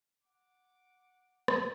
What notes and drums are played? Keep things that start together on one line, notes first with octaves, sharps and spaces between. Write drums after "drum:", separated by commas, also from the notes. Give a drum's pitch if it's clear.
F#5 D6
drum: rim click